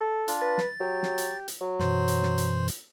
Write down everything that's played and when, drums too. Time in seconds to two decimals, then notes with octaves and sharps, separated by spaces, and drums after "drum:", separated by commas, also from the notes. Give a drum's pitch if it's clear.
0.01 A4
0.28 D4 F4, drum: hi-hat
0.41 B4 A6
0.58 drum: snare
0.80 F#3 G4
1.03 drum: snare
1.18 drum: hi-hat
1.48 drum: hi-hat
1.61 F#3
1.80 F#2 B2 E3 C5, drum: snare
2.08 drum: hi-hat
2.23 drum: snare
2.38 drum: hi-hat
2.68 drum: hi-hat